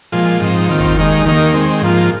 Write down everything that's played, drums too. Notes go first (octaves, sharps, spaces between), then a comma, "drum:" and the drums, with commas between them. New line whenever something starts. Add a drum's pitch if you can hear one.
A#2 F3 G#3 F4
G#2 F3 C4 D#4
D#2 D#3 C4 F4
drum: kick
D#2 D#3 G#3 D#4
D#2 D#3 A#3 D#4
D#3 G#3 C4
G#2 F3 A#3 F4